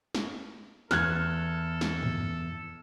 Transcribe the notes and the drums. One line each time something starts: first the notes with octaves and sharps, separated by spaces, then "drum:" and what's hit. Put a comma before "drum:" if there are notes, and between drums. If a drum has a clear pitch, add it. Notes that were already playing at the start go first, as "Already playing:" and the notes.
drum: snare
E2 A4 F6 F#6 G#6, drum: snare
drum: snare
drum: tom